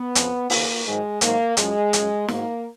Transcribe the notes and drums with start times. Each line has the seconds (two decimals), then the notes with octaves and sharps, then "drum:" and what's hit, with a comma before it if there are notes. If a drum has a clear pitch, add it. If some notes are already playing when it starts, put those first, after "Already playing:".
Already playing: B3
0.15 F2 C#3 F3, drum: hi-hat
0.50 D#2 C#3 F3 A#3, drum: open hi-hat
0.86 G#2 D#3 F#3 G#3
1.21 G#2 D#3 F#3 A#3, drum: hi-hat
1.57 F#2 F3 G#3, drum: hi-hat
1.93 F#2 C#3 F3, drum: hi-hat
2.28 G#2 D#3 F#3 A#3, drum: snare